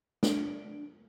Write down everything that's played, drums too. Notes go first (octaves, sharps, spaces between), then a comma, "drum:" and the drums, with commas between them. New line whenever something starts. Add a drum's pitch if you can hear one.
D4, drum: snare